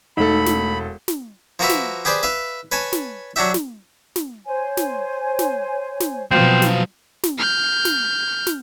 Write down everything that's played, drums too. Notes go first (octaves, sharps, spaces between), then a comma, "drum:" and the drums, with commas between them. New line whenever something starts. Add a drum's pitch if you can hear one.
E1 A3 D#4 A4 B5
drum: snare
drum: snare
F3 A#3 F#4 A#4 B4 E5
drum: snare
G4 G#4 B4 C5 D5
B4 E5 F5
B4 C#5 G#5 A5
drum: snare
F#3 D4 F#4 G4 E5
drum: snare
drum: snare
C5 C#5 G#5
drum: snare
drum: snare
drum: snare
B2 F3 F#3 C4 F5
drum: snare
drum: snare
F6 G6
drum: snare
drum: snare